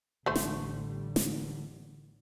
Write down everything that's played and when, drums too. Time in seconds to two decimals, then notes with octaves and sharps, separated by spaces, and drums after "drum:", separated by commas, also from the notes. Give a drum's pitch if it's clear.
0.26 A1 D3 G3 A3 A4 C5
0.36 drum: snare
1.16 drum: snare